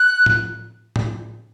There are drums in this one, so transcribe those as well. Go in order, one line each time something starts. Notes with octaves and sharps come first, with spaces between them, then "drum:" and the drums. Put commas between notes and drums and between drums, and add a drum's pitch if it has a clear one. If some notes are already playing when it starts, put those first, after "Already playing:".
Already playing: F#6
drum: tom A2
drum: tom A2